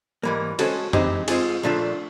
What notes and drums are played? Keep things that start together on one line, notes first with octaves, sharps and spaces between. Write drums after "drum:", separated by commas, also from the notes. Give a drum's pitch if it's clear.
G#2 E3 G3 A#3
G#3 C#4 F#4 A4 C5, drum: cymbal
E3 G#3 C4 D#4 G4, drum: tom F2
G#3 C4 F4 G#4, drum: cymbal
A#2 F3 A3 D4 F4